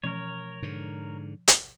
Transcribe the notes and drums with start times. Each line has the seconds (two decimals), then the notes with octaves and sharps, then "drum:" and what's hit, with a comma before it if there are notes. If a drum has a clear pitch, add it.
0.04 B2 E3 F3 C#4 A#4 C#5
0.62 G#2 D3
1.48 drum: hi-hat